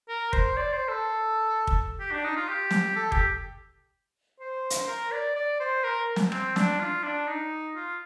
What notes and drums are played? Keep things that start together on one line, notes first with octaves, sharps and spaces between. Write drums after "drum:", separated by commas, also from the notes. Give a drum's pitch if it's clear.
A#4
C5, drum: kick
D5
C5
A4
drum: kick
G4
D4
D#4
F4
G4
drum: snare
A4
G4, drum: kick
C5
drum: hi-hat
A#4
D5
D5
C5
A#4
drum: snare
C4, drum: rim click
D4, drum: snare
F4
D4
D#4
F4